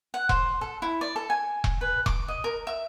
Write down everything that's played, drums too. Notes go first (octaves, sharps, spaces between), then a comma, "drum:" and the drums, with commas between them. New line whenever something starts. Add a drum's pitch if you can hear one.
F#5
C5, drum: kick E1
A4
E4
D5
A4
G#5
drum: kick E1
B4
D6, drum: kick E1
D#5
A#4
E5